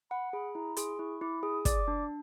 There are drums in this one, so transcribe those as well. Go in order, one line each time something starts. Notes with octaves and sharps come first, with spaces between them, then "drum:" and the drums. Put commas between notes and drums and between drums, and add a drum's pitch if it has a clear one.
F#5 B5
G#4 B5
E4 A#5
G#4 C6, drum: hi-hat
E4 C#6
E4 D6
G#4 D#6
D5 D6, drum: kick, hi-hat
D4